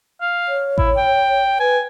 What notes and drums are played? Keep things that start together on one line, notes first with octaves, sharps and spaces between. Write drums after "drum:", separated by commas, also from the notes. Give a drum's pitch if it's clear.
F5
C#5
E4, drum: kick A1
G5
B4 G#5